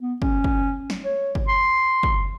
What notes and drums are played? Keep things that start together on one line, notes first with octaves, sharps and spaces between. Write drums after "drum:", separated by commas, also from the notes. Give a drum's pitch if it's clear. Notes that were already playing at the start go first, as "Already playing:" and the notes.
B3
C#4, drum: kick
drum: kick
drum: snare
C#5
drum: kick
C6
drum: kick